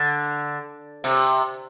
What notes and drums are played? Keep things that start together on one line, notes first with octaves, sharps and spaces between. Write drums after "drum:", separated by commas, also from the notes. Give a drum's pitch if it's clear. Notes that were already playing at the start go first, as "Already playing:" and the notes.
Already playing: D3
C3, drum: open hi-hat